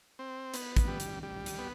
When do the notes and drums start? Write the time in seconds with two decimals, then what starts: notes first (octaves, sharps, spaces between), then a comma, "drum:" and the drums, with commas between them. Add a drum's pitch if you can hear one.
0.19 C4
0.54 B3, drum: hi-hat
0.77 drum: kick, hi-hat
0.88 G3
1.00 drum: hi-hat
1.23 G3
1.46 drum: hi-hat
1.58 B3